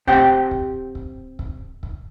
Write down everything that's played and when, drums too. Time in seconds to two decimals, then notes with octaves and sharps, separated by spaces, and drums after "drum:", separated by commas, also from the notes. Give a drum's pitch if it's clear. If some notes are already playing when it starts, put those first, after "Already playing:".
0.07 C4 G4 F#5 G5, drum: kick
0.51 drum: kick
0.95 drum: kick
1.39 drum: kick
1.83 drum: kick